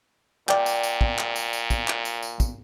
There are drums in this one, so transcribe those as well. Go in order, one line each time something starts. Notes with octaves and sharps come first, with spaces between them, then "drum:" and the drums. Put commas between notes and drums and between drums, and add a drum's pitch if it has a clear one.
A#2 D5 G5, drum: clap
drum: tambourine
drum: tambourine
drum: kick
drum: clap
drum: tambourine
drum: tambourine
drum: kick, tambourine
drum: clap
drum: tambourine
drum: tambourine
drum: kick, tambourine